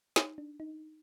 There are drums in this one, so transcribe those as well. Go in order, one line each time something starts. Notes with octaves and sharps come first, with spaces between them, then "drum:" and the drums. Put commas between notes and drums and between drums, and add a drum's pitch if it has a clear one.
D#4, drum: snare
D4
D#4